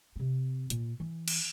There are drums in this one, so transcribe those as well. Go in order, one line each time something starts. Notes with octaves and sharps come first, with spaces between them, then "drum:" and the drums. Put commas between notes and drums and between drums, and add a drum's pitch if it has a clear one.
C3 C4
A#2, drum: hi-hat
E3
drum: cymbal